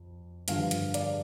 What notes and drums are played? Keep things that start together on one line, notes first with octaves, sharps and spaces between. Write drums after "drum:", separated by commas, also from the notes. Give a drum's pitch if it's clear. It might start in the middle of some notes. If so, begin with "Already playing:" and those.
Already playing: F2
G2 D3 F3 F5, drum: hi-hat
drum: hi-hat
D5, drum: hi-hat